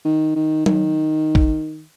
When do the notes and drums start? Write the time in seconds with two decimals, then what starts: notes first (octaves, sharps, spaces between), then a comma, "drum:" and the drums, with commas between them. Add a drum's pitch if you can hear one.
0.05 D#3
0.36 D#3
0.66 D#3, drum: tom F#3
1.35 drum: kick